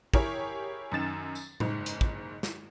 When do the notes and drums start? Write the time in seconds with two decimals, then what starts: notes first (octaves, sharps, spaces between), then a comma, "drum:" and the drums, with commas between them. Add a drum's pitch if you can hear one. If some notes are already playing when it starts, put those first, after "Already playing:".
0.14 E4 G4 G#4 A#4 C#5, drum: kick
0.92 F#2 D#3 A6 E7
1.35 drum: tambourine
1.60 F#1 G#2, drum: tom A2
1.86 drum: hi-hat
2.01 drum: kick
2.43 drum: snare